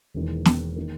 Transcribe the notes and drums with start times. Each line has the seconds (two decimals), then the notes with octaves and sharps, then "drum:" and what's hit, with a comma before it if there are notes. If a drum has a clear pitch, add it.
0.14 E1 E2 D#3 A#3
0.45 drum: snare
0.76 D#3 A#3